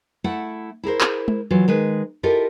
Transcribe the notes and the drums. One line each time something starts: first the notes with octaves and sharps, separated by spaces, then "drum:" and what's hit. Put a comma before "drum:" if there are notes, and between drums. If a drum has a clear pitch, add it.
A3 E4 F#5
E4 G#4 A#4 C5
drum: clap
drum: tom G#3
E3 F#3 F4
D#3 G#3 B4
E4 F4 G4 A4 A#4 D#5